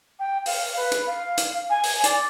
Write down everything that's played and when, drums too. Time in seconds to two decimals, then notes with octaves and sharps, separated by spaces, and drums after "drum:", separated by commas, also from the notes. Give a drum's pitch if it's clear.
0.19 G5
0.46 F5, drum: open hi-hat
0.76 B4
0.92 drum: hi-hat
1.06 F5
1.38 drum: hi-hat
1.69 G#5
1.83 drum: open hi-hat
2.04 D5, drum: hi-hat